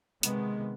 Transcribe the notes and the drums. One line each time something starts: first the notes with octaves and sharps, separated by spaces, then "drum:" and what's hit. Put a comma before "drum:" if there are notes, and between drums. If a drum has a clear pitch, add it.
C3 D#3 G#3 B3, drum: hi-hat